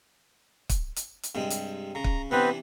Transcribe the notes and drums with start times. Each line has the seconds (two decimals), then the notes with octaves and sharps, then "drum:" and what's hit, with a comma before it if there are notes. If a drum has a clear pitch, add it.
0.69 drum: kick, hi-hat
0.96 drum: hi-hat
1.23 drum: hi-hat
1.35 G2 C3 G#3
1.50 drum: hi-hat
1.95 C#3 A#5
2.04 drum: kick
2.31 C3 E3 B3 C4 D4 B4